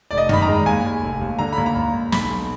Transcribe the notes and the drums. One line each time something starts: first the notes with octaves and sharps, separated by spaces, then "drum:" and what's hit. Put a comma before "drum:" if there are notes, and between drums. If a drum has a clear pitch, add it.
F1 D5
D#5
D#3 B5, drum: tom
A#5
G#3
D#2 G#5
D#2
F1
D#2
D3 A#5
D#2 B5
A#5
D#2
D#2
B1 B5, drum: snare
B1